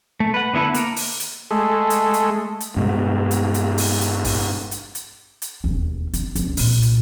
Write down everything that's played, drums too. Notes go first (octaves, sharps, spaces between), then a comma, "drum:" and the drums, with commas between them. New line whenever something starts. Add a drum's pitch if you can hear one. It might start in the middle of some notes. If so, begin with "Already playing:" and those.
A3
B4 F#5
D3 B3 E4 A4 B4
A#3 A#4, drum: hi-hat
drum: open hi-hat
drum: hi-hat
G#3 A3
drum: hi-hat
drum: hi-hat
drum: hi-hat
G2 B2 G#3
drum: hi-hat
drum: hi-hat
drum: open hi-hat
drum: hi-hat
drum: kick, open hi-hat
drum: hi-hat
drum: hi-hat
drum: hi-hat
E1 D#2
D#3, drum: hi-hat
C#2 D3, drum: hi-hat
C2 A#2, drum: open hi-hat
drum: hi-hat